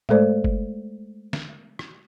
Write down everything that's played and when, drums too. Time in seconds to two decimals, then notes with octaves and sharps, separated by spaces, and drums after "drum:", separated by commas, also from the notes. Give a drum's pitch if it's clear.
0.09 G#3 A3 A4 C5 D5, drum: tom G#2
0.44 drum: kick F#1
1.33 drum: snare
1.79 drum: rim click